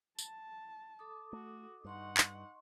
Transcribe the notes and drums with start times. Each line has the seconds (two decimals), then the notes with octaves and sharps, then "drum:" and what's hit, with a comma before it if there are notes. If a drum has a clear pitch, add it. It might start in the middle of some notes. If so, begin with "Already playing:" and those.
0.18 A5, drum: tambourine
0.99 A4 D6 D#6
1.33 A3 F#4
1.85 G2 D#4 D#5 F#5 C6 C#6
2.17 drum: clap